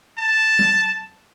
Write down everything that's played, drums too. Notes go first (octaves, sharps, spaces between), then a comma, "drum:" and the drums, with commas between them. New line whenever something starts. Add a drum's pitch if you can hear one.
A5
drum: tom F#3